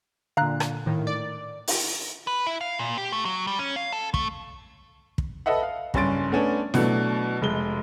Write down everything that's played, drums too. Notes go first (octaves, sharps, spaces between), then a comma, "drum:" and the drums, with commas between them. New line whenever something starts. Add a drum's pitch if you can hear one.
A#2 D3 F5 A#5 F#6
drum: rim click
A2 D#3
D5
drum: open hi-hat
B4
E4
F5
A#2
G4
A3
F#3
G3
C#4
F5
A4
A3, drum: kick
drum: kick
A4 B4 D#5 E5 F#5
F5
F#1 G2 C#4 C6 A6 D7, drum: kick
A3 B3 C#4 D4
B2 E3 F#3 A3 D4, drum: snare
F1 G#3 G7